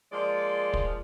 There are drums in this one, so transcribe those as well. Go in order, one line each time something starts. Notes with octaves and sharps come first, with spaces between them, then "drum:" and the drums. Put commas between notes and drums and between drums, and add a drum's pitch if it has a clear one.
F3 G#3 A#3 D5
drum: kick